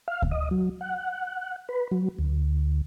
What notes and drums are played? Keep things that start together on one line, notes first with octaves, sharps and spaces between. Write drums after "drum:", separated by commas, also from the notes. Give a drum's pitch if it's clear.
F5
drum: kick D2
D#5
F#3
F#5
B4
F#3
D2